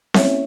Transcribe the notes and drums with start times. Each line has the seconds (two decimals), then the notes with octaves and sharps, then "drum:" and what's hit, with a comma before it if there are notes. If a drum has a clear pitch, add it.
0.14 A#3 C#4 E4 C#5 E5, drum: snare C4